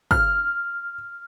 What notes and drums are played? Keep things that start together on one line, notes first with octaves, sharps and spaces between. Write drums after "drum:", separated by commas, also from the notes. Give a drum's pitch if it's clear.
F6, drum: kick